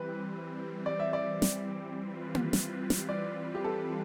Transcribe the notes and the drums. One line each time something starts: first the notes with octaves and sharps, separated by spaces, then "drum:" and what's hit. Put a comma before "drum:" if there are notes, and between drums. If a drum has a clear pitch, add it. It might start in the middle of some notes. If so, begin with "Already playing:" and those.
Already playing: E3 G3 C4 B4
D5
E5
D5
drum: snare
E3 G3 C4 F4 B4
drum: tom A#3
drum: snare
drum: snare
D5
G4
A4